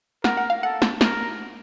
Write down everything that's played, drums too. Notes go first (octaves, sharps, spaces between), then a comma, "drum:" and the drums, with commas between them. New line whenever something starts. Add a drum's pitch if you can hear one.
A#4 F#5, drum: snare
F#5
F5
A4 F#5
drum: snare
A#4, drum: snare